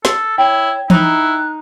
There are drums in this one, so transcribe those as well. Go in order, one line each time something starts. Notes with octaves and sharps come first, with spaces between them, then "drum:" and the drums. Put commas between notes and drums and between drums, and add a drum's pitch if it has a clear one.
A4, drum: snare
E4 C#5 G5
D#4 E4 F#6, drum: tom E3